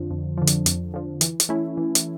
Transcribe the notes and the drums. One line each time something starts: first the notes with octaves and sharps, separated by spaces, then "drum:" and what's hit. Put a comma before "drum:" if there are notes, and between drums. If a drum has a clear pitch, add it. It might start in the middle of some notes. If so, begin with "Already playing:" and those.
Already playing: F2 D3 F3
F2
D3 F3
drum: hi-hat
F2, drum: hi-hat
D3 F3
E3, drum: hi-hat
drum: hi-hat
A3 C#4 E4
E3
drum: hi-hat